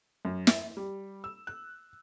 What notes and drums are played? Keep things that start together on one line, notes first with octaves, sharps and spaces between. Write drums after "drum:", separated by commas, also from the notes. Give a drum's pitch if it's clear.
F#2
E5, drum: snare
G3
E6
F#6